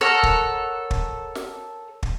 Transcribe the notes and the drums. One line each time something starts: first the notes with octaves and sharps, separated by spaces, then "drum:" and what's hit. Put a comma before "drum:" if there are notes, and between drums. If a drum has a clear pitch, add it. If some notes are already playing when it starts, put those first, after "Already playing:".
A4 A#4 C#5 F#5
drum: kick
drum: kick
drum: snare
drum: kick